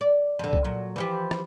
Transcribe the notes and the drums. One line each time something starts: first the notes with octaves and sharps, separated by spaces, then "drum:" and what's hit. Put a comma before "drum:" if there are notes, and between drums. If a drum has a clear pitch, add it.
D5
F2 D3
drum: kick C2
A#2 F#3
E3 F3 G4
drum: rim click